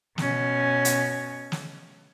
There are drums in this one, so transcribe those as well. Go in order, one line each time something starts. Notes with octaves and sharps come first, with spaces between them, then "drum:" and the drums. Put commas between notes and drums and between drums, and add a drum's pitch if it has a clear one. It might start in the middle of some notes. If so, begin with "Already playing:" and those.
B2 C#4, drum: snare
drum: hi-hat
drum: snare